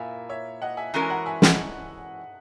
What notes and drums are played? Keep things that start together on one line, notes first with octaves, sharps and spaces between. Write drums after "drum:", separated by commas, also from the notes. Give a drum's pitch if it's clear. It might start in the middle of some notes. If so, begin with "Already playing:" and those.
Already playing: A#2 A#3 E4 E5 G#5
C#5 E5
D#5 F#5
E5 G#5
E3 G#3 C#4 F#4 A#4 A#5
G#5
F#5 A#5
E5 G#5
D#5 F#5, drum: snare